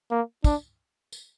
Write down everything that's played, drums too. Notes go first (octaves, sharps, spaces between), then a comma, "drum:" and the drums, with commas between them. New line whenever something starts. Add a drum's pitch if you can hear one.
A#3
D4, drum: kick, tambourine
drum: tambourine